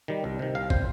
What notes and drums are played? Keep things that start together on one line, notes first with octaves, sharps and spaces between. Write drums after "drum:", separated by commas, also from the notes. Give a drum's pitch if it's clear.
D#3 G3
C2
C3 D#3
C2 F5
C3 G3 C5, drum: kick